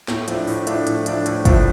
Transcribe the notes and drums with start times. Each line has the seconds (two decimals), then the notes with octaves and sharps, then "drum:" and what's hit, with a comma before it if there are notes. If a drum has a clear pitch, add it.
0.08 A2, drum: snare
0.28 F3 A3 D4, drum: hi-hat
0.47 A2, drum: open hi-hat
0.67 F3 A3 D4, drum: hi-hat
0.87 A2, drum: hi-hat
1.06 F3 A3 D4, drum: hi-hat
1.26 A2, drum: hi-hat
1.45 F3 A3 D4, drum: kick, hi-hat